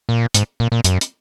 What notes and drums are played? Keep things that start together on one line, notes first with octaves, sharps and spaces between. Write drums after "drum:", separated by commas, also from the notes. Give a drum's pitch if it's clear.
A#2
G#2, drum: hi-hat
A#2
A#2
F#2, drum: hi-hat
drum: hi-hat